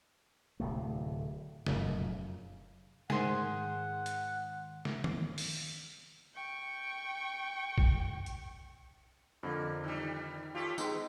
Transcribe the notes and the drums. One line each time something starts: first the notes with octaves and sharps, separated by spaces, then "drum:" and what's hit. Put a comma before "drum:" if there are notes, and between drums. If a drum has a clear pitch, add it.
D1 C3 A3
F1 F#2 A#2 C#3, drum: snare
G#2 D#3 G#4 C5 F#5, drum: snare
drum: hi-hat
drum: snare
drum: tom D#3
drum: open hi-hat
G5 C#6
drum: kick A#1
drum: hi-hat
F2 D3 A#3
D#3 G3
F4 G4 A4 C#5
G#3 B3 D#4, drum: tambourine